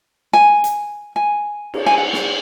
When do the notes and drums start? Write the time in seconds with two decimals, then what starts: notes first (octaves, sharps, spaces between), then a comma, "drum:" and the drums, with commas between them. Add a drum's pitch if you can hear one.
0.33 G#5
0.64 drum: hi-hat
1.16 G#5
1.74 drum: cymbal
1.86 G#5
1.98 F#5
2.13 drum: snare